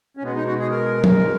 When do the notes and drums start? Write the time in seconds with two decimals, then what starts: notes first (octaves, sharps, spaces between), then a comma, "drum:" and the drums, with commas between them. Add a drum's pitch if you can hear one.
0.17 C#4
0.23 B2 G#3 B3
0.36 D#4
0.46 F#4
0.59 G#4
0.70 A#4
1.04 drum: tom
1.18 B2 G#3